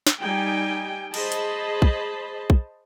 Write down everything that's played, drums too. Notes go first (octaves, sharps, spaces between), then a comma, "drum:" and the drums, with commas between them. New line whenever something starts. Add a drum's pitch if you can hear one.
drum: snare
G3 D#4 G5 G#5
G#4 C5 D#5 A5 B5, drum: cymbal
drum: hi-hat
drum: kick
drum: kick